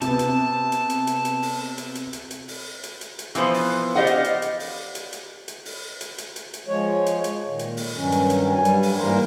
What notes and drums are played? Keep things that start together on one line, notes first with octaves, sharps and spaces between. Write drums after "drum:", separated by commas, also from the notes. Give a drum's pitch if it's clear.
C3 B3 A5, drum: hi-hat
drum: hi-hat
drum: hi-hat
drum: hi-hat
drum: hi-hat
drum: hi-hat
drum: open hi-hat
drum: hi-hat
drum: hi-hat
drum: hi-hat
drum: hi-hat
drum: open hi-hat
drum: hi-hat
drum: hi-hat
drum: hi-hat
E3 F3 B3 C5, drum: hi-hat
drum: open hi-hat
G4 C5 D5 D#5 F5 F#5
drum: hi-hat
drum: hi-hat
drum: hi-hat
drum: open hi-hat
drum: hi-hat
drum: hi-hat
drum: hi-hat
drum: open hi-hat
drum: hi-hat
drum: hi-hat
drum: hi-hat
drum: hi-hat
F3 G#3 C#5
drum: hi-hat
drum: hi-hat
A#2 D#3
drum: hi-hat
drum: open hi-hat
G2 D#3 F#3 C#4
drum: hi-hat
drum: hi-hat
G2 G3 G#5
drum: hi-hat
drum: open hi-hat
G#2 E3 G3 A#3 A#4 C5